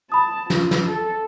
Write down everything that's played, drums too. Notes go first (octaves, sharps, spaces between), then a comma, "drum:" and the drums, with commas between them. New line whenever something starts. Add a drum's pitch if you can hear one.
A5 B5 D#6
F4, drum: snare
drum: snare
A4